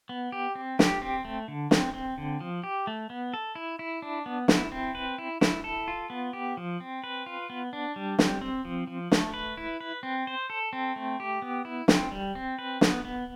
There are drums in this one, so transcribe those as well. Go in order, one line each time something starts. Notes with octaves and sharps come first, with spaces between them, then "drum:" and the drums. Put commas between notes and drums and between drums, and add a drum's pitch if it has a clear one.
B3
G4
C4
G4, drum: snare
C4
A3
D3
C4, drum: snare
C4
D3
F3
G4
A3
B3
A4
E4
E4
D4
B3
E4, drum: snare
C4
B4
E4
E4, drum: snare
A4
F4
B3
G4
F3
C4
B4
F4
B3
D4
G3
C4, drum: snare
C4
F3
F3
A3, drum: snare
B4
E4
B4
C4
C5
A4
C4
A3
G4
B3
E4
C4, drum: snare
G3
C4
B4
B3, drum: snare
B3